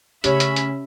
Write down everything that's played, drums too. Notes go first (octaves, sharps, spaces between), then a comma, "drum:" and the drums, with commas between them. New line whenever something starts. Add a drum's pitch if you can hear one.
C#3 A3 C#4 G4 C#5 E5 B5, drum: hi-hat
drum: hi-hat
drum: hi-hat